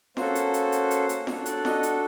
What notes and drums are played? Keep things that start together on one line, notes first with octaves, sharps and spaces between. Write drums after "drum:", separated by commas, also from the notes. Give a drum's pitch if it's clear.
A#3 C#4 F#4 A4 C5, drum: snare F4
drum: hi-hat
drum: hi-hat
drum: hi-hat
drum: hi-hat
drum: hi-hat
D4 F#4 A4 C#5, drum: snare F4
D5, drum: hi-hat
D#5, drum: snare F4
drum: hi-hat